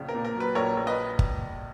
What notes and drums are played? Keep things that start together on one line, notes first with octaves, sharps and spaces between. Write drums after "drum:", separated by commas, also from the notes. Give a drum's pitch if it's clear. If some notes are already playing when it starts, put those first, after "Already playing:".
Already playing: A#1 C#3
A#4
A#2
A#4
F#3 B4
A#1 A#4 C#5
A#1
B4 D#5
drum: kick G1